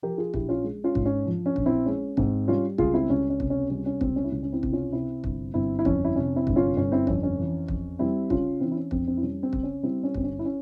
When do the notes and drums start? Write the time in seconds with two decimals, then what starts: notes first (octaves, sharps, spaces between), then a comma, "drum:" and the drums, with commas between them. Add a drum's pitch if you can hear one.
0.02 F3 G4 A#4
0.18 F4 G#4
0.34 A#1 E4 G4, drum: kick
0.49 C#4 F4
0.64 G#3
0.84 C#4 F4
0.95 G#2, drum: kick
1.05 C#4
1.26 F3
1.46 C#4
1.56 A#1, drum: kick
1.66 C4 E4
1.86 G#3 C#4
2.17 G#2 C4, drum: kick
2.48 G3 C#4 F4
2.78 C#2 F4 G#4, drum: kick
2.94 C4 E4
3.09 C#2 C#4
3.30 C#4
3.40 C3, drum: kick
3.50 C#4
3.70 G3 C#4
3.86 C#4
4.01 C#2 C4, drum: kick
4.16 C#4
4.24 E4
4.31 C#2 C#4
4.43 C#4
4.53 C4 E4
4.63 C3, drum: kick
4.72 C#4 F4
4.93 C3 C4 E4
5.24 G1, drum: kick
5.54 G1 C4 E4
5.79 E4
5.85 F2 C#4, drum: kick
6.05 E4
6.16 C3 C#4
6.36 C4 E4
6.47 G1, drum: kick
6.56 C#4 F4
6.77 G1 C#4
6.92 C4 E4
7.07 F2 C#4, drum: kick
7.23 C#4
7.39 E3
7.68 F2, drum: kick
7.99 G3 C4 E4
8.30 C#3 C#4 F4, drum: kick
8.60 E3 C4 E4
8.71 E4
8.76 C#4
8.91 F2 C4, drum: kick
9.08 C4
9.17 E4
9.22 G3 C#4
9.43 C4
9.53 C#3, drum: kick
9.63 C#4
9.83 G3 C4 E4
10.03 C#4
10.14 G1 C4, drum: kick
10.24 C#4
10.39 E4
10.45 C#4